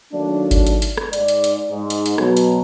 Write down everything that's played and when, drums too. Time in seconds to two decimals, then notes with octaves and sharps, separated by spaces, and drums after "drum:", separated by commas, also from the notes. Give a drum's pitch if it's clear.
0.13 D#3 F#3 A3 A#3 D4
0.51 drum: kick G#1, hi-hat
0.67 drum: hi-hat
0.82 drum: hi-hat
0.97 drum: rim click
1.13 G#2 D5, drum: hi-hat
1.28 drum: hi-hat
1.44 drum: hi-hat
1.70 G#2
1.90 drum: hi-hat
2.06 drum: hi-hat
2.18 B2 F#3, drum: rim click
2.37 drum: hi-hat